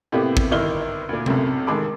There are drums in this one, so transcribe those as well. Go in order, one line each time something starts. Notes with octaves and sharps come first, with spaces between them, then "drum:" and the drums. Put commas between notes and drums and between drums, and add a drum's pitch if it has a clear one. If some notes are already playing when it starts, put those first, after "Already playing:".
A2 C3 A#3 B3 E4 G4
drum: kick
G1 D#3 D#4 E4 F6 G7
D2 A#2
B1 F#2 A2 C3, drum: tom C3
A1 D#3 G#3 A4 B5 D6